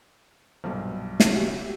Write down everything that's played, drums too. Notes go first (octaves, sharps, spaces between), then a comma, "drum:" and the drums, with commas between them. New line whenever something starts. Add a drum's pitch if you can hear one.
B1 G2 A#2 F3
C#3 C#4 F#4 G4 E5, drum: snare